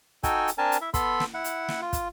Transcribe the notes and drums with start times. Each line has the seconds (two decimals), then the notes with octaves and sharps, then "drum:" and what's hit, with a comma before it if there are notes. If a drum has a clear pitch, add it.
0.23 D#4 F#4 A4 G5 G#5, drum: kick, hi-hat
0.48 drum: hi-hat
0.58 C4 D4 A#4 G#5 A5
0.72 drum: hi-hat
0.81 E4 E5
0.94 B3 A4 B5 C6, drum: kick, hi-hat
1.20 drum: snare
1.34 E4 F#5
1.44 drum: hi-hat
1.68 drum: snare
1.82 F4
1.93 drum: kick, hi-hat